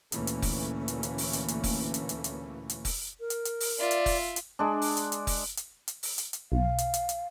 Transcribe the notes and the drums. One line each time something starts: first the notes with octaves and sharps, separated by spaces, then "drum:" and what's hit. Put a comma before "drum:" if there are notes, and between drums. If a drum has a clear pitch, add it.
D2 A#2 E3 A3 A#3 C#4, drum: hi-hat
drum: hi-hat
drum: kick F1, open hi-hat
drum: hi-hat
drum: hi-hat
drum: open hi-hat
drum: hi-hat
drum: hi-hat
drum: kick F1, open hi-hat
drum: hi-hat
drum: hi-hat
drum: hi-hat
drum: hi-hat
drum: kick F1, open hi-hat
A#4
drum: hi-hat
drum: hi-hat
drum: open hi-hat
F4 D5 E5
drum: hi-hat
drum: kick F1, open hi-hat
drum: hi-hat
G#3 D4
drum: open hi-hat
drum: hi-hat
drum: hi-hat
drum: kick F1, open hi-hat
drum: hi-hat
drum: hi-hat
drum: open hi-hat
drum: hi-hat
drum: hi-hat
B1 F5
drum: hi-hat
drum: hi-hat
drum: hi-hat